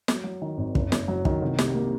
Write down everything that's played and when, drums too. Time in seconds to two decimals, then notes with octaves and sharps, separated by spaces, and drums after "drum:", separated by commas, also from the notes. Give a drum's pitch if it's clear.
0.08 F#3, drum: snare
0.24 F#3
0.42 D#3
0.57 G#1
0.75 F#1, drum: kick
0.92 F#1, drum: snare
1.08 F#3
1.25 D#3, drum: kick
1.42 C2
1.59 C3, drum: snare
1.75 A#3